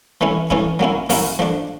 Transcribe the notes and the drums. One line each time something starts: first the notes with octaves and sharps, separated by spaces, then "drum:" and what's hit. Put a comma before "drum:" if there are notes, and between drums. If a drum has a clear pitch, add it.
E3 A3 C#4 E4
E3 A3 C#4 E4, drum: kick
F#3 A#3 C#4 E4
F#3 A#3 C#4 E4, drum: open hi-hat
F3 A3 D4